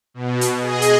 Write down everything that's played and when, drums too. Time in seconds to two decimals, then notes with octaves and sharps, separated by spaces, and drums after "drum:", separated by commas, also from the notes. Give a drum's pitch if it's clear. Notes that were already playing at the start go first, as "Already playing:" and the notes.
0.14 B2
0.41 drum: hi-hat
0.61 G#4 D#5
0.82 drum: hi-hat